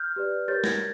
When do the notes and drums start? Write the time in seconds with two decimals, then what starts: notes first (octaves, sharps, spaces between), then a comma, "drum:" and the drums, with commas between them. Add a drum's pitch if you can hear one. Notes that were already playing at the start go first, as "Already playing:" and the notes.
Already playing: F6 G6
0.16 G4 B4 D5
0.48 G4 A#4 C#5 G6 A6
0.64 G#6 A#6, drum: snare